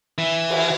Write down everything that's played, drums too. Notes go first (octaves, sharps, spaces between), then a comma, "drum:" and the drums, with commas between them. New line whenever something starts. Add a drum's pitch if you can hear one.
E3
drum: cymbal